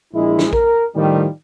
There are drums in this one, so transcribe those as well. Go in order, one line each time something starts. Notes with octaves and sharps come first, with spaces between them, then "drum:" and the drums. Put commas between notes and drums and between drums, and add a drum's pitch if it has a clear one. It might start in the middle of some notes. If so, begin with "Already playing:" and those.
A#1 G#3 E4
drum: snare
A#4, drum: kick A#1
A2 D#3 F3 G3